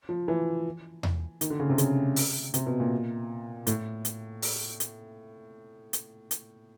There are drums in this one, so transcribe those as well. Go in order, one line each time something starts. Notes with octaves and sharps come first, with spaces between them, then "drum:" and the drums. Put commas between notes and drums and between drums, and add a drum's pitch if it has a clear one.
F3
E3
drum: tom E2
D#3, drum: hi-hat
D3
C#3
C3
C#3, drum: hi-hat
drum: open hi-hat
C3, drum: hi-hat
B2
A#2
A2, drum: hi-hat
drum: hi-hat
drum: open hi-hat
drum: hi-hat
drum: hi-hat
drum: hi-hat